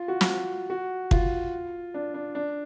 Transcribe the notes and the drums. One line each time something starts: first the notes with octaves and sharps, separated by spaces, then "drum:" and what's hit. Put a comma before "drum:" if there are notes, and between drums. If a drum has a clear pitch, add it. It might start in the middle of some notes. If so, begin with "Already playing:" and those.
Already playing: F4
F#4
drum: snare
F#4
F4, drum: kick
D4
D4
D4